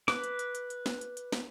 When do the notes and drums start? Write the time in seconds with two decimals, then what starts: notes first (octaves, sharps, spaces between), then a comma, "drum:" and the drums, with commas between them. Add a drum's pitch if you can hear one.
0.08 B4 D6, drum: snare
0.24 drum: hi-hat
0.39 drum: hi-hat
0.55 drum: hi-hat
0.70 drum: hi-hat
0.86 drum: snare
1.01 drum: hi-hat
1.17 drum: hi-hat
1.32 drum: snare